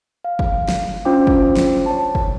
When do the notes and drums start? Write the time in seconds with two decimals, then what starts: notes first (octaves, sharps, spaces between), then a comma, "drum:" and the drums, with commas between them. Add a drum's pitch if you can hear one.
0.25 F5
0.39 drum: kick
0.68 drum: snare
1.05 C#4 D4 F4 C5 G5 D6
1.27 drum: kick
1.56 drum: snare
1.86 C#5 A5
2.15 drum: kick